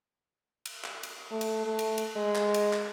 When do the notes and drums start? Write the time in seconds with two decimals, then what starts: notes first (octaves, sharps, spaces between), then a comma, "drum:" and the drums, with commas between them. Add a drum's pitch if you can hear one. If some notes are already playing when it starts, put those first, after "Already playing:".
0.66 drum: cymbal
0.84 drum: clap
1.03 drum: cymbal
1.31 A3
1.41 drum: cymbal
1.66 A3
1.79 drum: cymbal
1.98 drum: cymbal
2.17 G#3
2.35 drum: clap
2.54 drum: cymbal
2.73 drum: clap